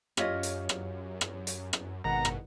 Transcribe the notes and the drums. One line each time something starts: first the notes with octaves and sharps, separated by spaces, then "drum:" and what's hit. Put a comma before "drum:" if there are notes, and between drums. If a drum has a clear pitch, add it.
F#2 C#4 F4 G4 C#5 D#5, drum: rim click
drum: hi-hat
drum: rim click
drum: rim click
drum: hi-hat
drum: rim click
G#1 B2 D#3 F#5 A#5
drum: rim click